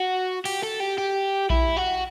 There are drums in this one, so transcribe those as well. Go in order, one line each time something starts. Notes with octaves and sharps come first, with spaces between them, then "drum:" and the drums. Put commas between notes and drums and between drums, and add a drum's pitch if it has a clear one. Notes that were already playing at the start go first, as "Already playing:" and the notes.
Already playing: F#4
G4, drum: cymbal
A4
G4
G4
E4, drum: kick A#1
F#4